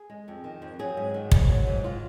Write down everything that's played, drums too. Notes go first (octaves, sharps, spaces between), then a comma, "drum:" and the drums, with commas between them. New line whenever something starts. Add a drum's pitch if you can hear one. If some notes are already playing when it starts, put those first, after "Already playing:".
Already playing: G#4
G#3
F2
D#3
F2
F#3 G#4
G#2
D#3
G#2, drum: kick
F#3
G#2
D#3 F4